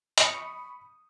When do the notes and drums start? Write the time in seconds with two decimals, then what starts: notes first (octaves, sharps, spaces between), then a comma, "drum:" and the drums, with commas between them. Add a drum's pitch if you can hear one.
0.18 B5 C#6 D#6 C#7, drum: hi-hat